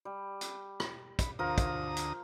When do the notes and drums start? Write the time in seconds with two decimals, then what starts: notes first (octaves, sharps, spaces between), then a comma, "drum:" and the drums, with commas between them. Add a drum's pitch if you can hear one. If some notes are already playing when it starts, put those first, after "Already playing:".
0.05 G3
0.41 drum: hi-hat
0.80 drum: rim click
1.19 B5, drum: kick, hi-hat
1.39 D2 F3 A#4 A#5 D#6
1.58 drum: kick, hi-hat
1.97 drum: hi-hat